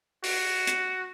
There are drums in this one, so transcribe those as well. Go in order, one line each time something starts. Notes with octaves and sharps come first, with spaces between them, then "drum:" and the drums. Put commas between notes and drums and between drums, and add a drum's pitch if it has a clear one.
F#4, drum: open hi-hat
drum: hi-hat